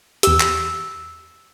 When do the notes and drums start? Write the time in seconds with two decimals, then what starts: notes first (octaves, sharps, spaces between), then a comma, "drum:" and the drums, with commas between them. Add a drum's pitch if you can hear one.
0.23 E2 G4 E6, drum: hi-hat
0.40 drum: clap